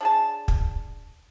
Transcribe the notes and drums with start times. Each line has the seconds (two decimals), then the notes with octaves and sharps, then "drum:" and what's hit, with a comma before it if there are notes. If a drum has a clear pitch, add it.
0.01 D4 G#4 A5
0.48 drum: kick